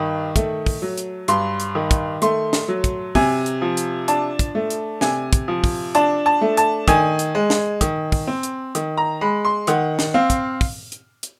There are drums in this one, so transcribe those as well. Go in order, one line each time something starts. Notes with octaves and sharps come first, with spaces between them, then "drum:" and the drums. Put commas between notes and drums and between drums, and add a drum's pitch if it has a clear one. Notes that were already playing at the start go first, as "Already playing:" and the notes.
Already playing: G2 D#3
A3, drum: kick, hi-hat
drum: kick, open hi-hat
F#3
drum: hi-hat
G2 C6, drum: hi-hat
drum: hi-hat
D#3
drum: kick, hi-hat
A3 C6, drum: hi-hat
drum: snare
F#3
drum: kick, hi-hat
C3 G#5, drum: kick, open hi-hat
drum: hi-hat
F3
drum: hi-hat
D4 A5, drum: hi-hat
drum: kick, hi-hat
A3
drum: hi-hat
C3 G#5, drum: snare
drum: kick, hi-hat
F3
drum: kick, open hi-hat
D4 A5, drum: hi-hat
A5
A3
A5, drum: hi-hat
D#3 G#5, drum: kick, hi-hat
drum: hi-hat
G#3
drum: snare
D#3, drum: kick, hi-hat
drum: kick, open hi-hat
C4
drum: hi-hat
D#3, drum: hi-hat
A#5
G#3 B5
C6
D#3 F#5, drum: hi-hat
drum: snare
C4 F5
drum: kick, hi-hat
drum: kick, open hi-hat
drum: hi-hat
drum: hi-hat